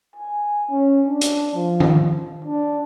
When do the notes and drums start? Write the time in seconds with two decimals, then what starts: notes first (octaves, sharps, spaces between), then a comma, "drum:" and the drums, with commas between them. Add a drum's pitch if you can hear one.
0.15 G#5
0.70 C#4
1.07 D4
1.21 drum: hi-hat
1.55 F3
1.80 drum: tom D#3
2.45 D4